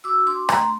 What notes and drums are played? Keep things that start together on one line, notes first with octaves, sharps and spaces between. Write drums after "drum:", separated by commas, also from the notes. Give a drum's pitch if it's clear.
F#4 D6 E6
D4 C6 D6
A3 A#5 C6, drum: rim click